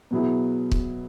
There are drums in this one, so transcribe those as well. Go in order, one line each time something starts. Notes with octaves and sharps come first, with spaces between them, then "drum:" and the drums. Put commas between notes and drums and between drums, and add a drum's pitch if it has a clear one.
B2 F#3 B3 E4 G#4
drum: kick C#1